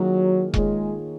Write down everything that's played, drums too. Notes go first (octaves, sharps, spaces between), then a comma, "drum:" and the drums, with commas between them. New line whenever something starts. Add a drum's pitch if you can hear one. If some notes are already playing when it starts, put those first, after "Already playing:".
Already playing: D#3 F#3 A#3 F4 G#4
D#3 G#3 A#3 F4 G#4 C#5, drum: kick E1